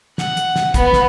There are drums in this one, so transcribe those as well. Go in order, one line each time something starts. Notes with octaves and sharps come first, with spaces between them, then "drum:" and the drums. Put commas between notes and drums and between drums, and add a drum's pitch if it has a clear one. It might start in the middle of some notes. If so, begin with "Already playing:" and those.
F#5, drum: snare
drum: hi-hat
drum: snare
B3, drum: kick, hi-hat
drum: snare